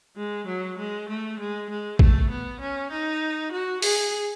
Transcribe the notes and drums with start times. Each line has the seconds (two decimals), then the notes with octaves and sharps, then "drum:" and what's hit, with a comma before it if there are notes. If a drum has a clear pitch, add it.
0.16 G#3
0.47 F#3
0.78 G#3
1.09 A3
1.39 G#3
1.70 G#3
1.99 A3, drum: kick
2.30 B3
2.61 C#4
2.91 D#4
3.52 F#4
3.82 G#4, drum: open hi-hat